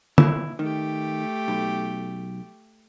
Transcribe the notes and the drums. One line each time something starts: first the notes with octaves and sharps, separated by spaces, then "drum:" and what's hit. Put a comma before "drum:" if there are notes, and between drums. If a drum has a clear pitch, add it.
E4, drum: tom D3
D#3 A3 G4
B1